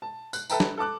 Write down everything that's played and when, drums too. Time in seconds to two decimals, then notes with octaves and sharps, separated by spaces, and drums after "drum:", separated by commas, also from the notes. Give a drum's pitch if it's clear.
0.02 A5
0.33 F#6, drum: tambourine
0.50 A4 B4 E5 G5 A5 A#5, drum: tambourine
0.60 drum: snare
0.78 A4 A5 D6 F#6